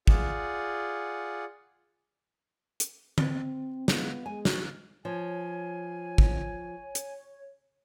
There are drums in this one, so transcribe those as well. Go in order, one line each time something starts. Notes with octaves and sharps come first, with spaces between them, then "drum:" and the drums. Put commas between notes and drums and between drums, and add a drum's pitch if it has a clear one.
F4 G#4 D5 F#5, drum: kick
drum: hi-hat
C4, drum: tom D3
G#3 B3 F4, drum: snare
G#3 G#5
F#4, drum: snare
F3 C#5 G#5
drum: kick
drum: hi-hat